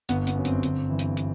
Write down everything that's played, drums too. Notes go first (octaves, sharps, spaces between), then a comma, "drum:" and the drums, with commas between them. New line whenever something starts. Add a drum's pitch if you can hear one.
G1 B3, drum: hi-hat
B3, drum: hi-hat
F#2 F#3
C4, drum: hi-hat
G1, drum: hi-hat
G2 E3
drum: hi-hat
drum: hi-hat